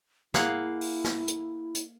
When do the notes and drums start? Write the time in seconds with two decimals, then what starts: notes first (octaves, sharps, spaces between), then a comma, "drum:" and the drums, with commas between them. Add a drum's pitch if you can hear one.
0.34 A#3 E4 G#4 F5 F#5, drum: snare
0.81 drum: open hi-hat
1.04 drum: snare
1.28 drum: hi-hat
1.75 drum: hi-hat